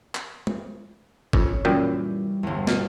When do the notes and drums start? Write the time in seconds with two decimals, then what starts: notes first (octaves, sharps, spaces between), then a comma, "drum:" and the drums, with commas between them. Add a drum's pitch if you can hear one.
0.15 drum: clap
0.47 drum: tom
1.33 F2 C#4, drum: kick
1.65 F#2 A#2 E3 G3 G5
2.43 G1 E2
2.67 B2 F6, drum: snare